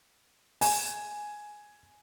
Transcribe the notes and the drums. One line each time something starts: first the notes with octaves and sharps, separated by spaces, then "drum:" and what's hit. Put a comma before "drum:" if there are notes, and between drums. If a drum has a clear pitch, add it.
G#5, drum: open hi-hat